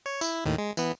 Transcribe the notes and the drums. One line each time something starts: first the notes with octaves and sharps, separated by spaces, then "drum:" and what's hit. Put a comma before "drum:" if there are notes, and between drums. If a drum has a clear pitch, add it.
C#5
E4, drum: tambourine
D#2 A2 D#3
G#3
E3 B3, drum: tambourine